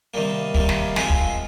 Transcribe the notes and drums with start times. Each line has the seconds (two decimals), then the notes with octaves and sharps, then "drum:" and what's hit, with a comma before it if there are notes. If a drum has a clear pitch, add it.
0.14 C3 D#3 G3 A#3
0.54 C3 D#3 G3 A#3, drum: kick
0.69 drum: snare
0.96 F3 G#3 C4 F4 G#4, drum: snare
1.10 drum: kick